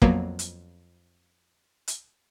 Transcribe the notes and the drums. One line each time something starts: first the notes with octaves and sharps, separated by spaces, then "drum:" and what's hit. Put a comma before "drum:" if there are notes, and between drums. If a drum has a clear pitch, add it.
F2 F#3 A#3 B3, drum: kick
drum: hi-hat
drum: hi-hat